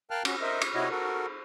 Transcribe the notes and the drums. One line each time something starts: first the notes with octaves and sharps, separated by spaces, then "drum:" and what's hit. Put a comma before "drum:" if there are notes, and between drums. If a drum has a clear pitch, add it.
A#4 F5 G5 A5 F6 F#6
C#4 F#4, drum: cymbal
A#4 C5 D#5 E5
drum: cymbal
C3 E4 F#4 C#5 D#5
F#4 A4 A#4